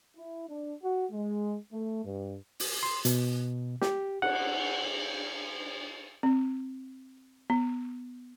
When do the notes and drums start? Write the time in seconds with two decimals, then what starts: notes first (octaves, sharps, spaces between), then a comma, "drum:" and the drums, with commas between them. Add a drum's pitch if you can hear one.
0.17 E4
0.48 D4
0.83 F#4
1.12 G#3
1.72 A3
2.04 G2
2.60 drum: open hi-hat
2.83 C6
3.05 B2, drum: hi-hat
3.82 G4, drum: snare
4.22 F#5, drum: cymbal
6.23 C4
7.50 B3